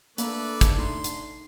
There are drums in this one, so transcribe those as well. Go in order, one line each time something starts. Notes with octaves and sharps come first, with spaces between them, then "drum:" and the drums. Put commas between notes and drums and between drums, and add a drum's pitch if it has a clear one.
A3 A#3 D4 A4 B4 D5 E5 A#5, drum: hi-hat
drum: kick, hi-hat
D#4 C6
drum: hi-hat